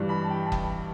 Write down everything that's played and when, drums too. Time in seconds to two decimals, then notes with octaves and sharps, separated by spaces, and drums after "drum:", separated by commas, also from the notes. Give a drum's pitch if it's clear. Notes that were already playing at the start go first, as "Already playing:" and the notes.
Already playing: G2 E3 G3
0.09 B5
0.24 A5
0.30 G5
0.46 A5
0.52 G5, drum: kick